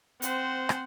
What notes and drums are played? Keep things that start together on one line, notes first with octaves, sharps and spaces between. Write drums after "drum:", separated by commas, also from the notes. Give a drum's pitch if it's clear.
C4 C5 F#5, drum: hi-hat
drum: rim click